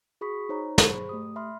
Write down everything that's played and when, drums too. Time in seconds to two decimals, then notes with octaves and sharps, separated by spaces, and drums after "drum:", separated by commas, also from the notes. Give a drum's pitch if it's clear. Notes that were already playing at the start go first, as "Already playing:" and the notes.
0.21 F#4 G#4 B5 C#6 D#6 B6
0.49 D#4 C5 C#5 A#5
0.78 G#4 C5 B5 C#6, drum: snare
1.09 A3 G4 D#6
1.36 E5 B5 C6 F6